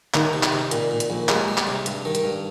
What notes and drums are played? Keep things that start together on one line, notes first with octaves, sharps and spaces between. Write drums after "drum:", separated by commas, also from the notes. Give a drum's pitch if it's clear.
D#3 A#3, drum: clap
C3
drum: clap
C3
A#2, drum: hi-hat
A#2
drum: hi-hat
A#1
G3 G#3, drum: clap
G3
drum: clap
C3
G2, drum: hi-hat
D#3
drum: hi-hat
G2